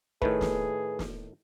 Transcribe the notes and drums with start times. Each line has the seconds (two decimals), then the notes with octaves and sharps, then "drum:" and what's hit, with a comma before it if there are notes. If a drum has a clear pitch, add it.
0.22 A2 D#3 A3 G#4 B4, drum: kick
0.41 drum: snare
0.99 drum: snare